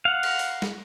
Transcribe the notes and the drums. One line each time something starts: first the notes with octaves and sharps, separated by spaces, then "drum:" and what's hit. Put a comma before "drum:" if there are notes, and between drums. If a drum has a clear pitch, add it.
F5 F#5
drum: cymbal
drum: open hi-hat
drum: snare